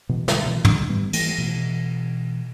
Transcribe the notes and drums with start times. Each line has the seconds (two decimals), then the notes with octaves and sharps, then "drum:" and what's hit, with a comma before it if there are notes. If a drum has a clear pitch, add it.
0.09 B2 E3
0.28 D3 G3, drum: snare
0.39 D3
0.46 B2 E3
0.65 D3 G3, drum: tom
0.89 G3 B3
1.13 E3 A3, drum: cymbal
1.38 B2 E3